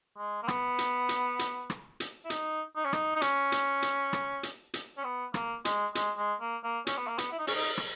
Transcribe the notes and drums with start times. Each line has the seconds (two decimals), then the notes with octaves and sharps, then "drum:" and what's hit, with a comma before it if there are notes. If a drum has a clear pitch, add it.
0.18 G#3
0.43 A#3
0.48 B3, drum: rim click
0.78 drum: hi-hat
1.09 drum: hi-hat
1.39 drum: hi-hat
1.70 drum: rim click
2.00 drum: hi-hat
2.25 E4
2.30 D#4, drum: hi-hat
2.76 D#4
2.85 C#4
2.93 D#4, drum: rim click
3.16 D#4
3.22 C#4, drum: hi-hat
3.52 drum: hi-hat
3.82 drum: hi-hat
4.13 drum: rim click
4.43 drum: hi-hat
4.74 drum: hi-hat
4.97 C#4
5.04 B3
5.34 A#3, drum: rim click
5.65 G#3, drum: hi-hat
5.95 G#3, drum: hi-hat
6.18 G#3
6.41 A#3
6.64 A#3
6.87 C#4, drum: hi-hat
6.97 B3
7.07 A#3
7.18 B3, drum: hi-hat
7.32 E4
7.39 D#4
7.47 C#4, drum: open hi-hat
7.54 D#4
7.78 drum: rim click